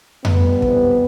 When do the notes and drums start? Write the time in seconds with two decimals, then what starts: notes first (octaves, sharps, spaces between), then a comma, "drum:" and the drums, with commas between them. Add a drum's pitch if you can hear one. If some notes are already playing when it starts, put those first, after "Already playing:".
0.25 G2 D3 G3 B3, drum: tom F2
0.62 F2 C3 E3 G3, drum: kick